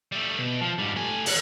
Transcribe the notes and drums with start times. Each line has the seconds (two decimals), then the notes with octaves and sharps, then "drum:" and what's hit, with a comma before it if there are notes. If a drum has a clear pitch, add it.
0.12 G3 A3
0.38 B2
0.61 F3
0.79 G#2 G3
0.96 A3 G#5
1.26 D#2 F#5, drum: open hi-hat